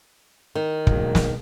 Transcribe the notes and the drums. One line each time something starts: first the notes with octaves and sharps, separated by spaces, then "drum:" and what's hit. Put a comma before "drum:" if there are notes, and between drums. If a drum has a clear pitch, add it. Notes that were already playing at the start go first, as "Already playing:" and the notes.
D#3
E1 F#3 A#3, drum: kick
drum: snare